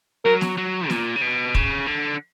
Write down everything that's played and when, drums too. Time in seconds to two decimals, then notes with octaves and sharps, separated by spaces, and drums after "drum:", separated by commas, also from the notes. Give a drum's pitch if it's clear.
0.25 F#3 A#4
0.41 drum: snare
0.57 F#3
0.90 A#2, drum: snare
1.16 C#3
1.22 B2
1.55 C#3, drum: kick
1.87 D3